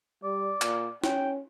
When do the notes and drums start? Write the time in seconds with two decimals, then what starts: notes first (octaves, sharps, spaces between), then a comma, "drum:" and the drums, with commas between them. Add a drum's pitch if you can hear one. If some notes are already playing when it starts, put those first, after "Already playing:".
0.24 G3 D5
0.62 A#2, drum: clap
1.04 C#4 G5, drum: snare